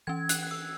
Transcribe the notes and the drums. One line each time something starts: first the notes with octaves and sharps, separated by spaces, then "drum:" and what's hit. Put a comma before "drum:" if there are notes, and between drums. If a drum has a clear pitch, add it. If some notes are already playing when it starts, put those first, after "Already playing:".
E3 C#4 G#6
F#6, drum: hi-hat
F#6
E6